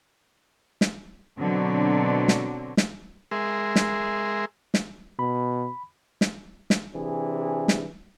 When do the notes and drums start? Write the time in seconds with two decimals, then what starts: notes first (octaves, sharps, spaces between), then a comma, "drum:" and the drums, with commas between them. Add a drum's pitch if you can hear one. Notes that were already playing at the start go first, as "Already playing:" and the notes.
0.81 drum: snare
1.39 B2 D3 F#3 C4
2.28 drum: snare
2.77 drum: snare
3.31 G#3 G#4 A#4 E5 C6
3.76 drum: snare
4.74 drum: snare
5.19 B2 B5
6.21 drum: snare
6.70 drum: snare
6.95 C3 E3 D4 G#4
7.68 drum: snare